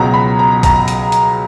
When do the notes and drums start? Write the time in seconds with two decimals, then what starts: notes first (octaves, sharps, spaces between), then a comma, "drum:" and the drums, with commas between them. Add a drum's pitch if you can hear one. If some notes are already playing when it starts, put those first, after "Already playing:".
Already playing: C#2 B2 F#3 A#5
0.14 B5
0.39 A#5
0.63 A#5, drum: kick A#1, hi-hat
0.88 drum: hi-hat
1.12 drum: hi-hat